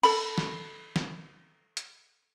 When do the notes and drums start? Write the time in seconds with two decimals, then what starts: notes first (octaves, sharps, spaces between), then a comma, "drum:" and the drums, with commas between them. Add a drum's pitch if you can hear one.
0.03 A4 B5, drum: cymbal
0.38 drum: snare
0.96 drum: snare
1.77 drum: hi-hat